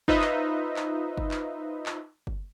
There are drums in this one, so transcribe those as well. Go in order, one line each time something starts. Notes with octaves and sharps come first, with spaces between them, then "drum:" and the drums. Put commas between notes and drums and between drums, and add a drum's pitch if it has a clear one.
D#4 F4 B4 C5 D#5 E5, drum: kick F#1
drum: clap
drum: clap
drum: kick F#1
drum: clap
drum: clap
drum: kick F#1